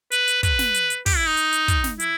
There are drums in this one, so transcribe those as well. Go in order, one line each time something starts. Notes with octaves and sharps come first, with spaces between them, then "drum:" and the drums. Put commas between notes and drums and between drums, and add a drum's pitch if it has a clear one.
B4, drum: hi-hat
drum: hi-hat
B4, drum: kick, hi-hat
drum: snare
drum: hi-hat
drum: hi-hat
G4, drum: kick, open hi-hat
E4
D#4
drum: hi-hat
drum: hi-hat
drum: kick, hi-hat
drum: snare
E4, drum: hi-hat